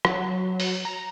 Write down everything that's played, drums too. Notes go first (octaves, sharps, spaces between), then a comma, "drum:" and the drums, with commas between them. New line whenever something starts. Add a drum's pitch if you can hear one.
F#3, drum: rim click
drum: open hi-hat
A#5